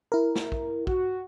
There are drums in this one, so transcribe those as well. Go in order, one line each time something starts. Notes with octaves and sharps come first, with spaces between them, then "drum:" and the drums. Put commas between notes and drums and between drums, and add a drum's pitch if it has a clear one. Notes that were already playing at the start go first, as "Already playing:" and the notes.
E4 A#4
drum: snare
drum: kick
F#4, drum: kick